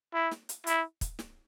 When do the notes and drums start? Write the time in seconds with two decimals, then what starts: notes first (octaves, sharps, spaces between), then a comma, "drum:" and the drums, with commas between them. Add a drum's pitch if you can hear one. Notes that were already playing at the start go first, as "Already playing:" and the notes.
0.14 E4
0.31 drum: snare
0.49 drum: hi-hat
0.67 E4, drum: hi-hat
1.01 drum: kick, hi-hat
1.19 drum: snare